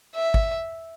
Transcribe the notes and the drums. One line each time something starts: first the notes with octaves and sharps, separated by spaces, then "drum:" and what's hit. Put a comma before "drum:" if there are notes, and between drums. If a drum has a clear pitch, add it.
E5
drum: kick G#1